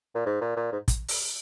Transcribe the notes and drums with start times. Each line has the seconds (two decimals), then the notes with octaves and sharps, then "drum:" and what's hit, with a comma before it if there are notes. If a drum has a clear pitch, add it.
0.15 A#2
0.26 G#2
0.41 A#2
0.57 A#2
0.72 G#2
0.88 drum: kick, hi-hat
1.08 drum: open hi-hat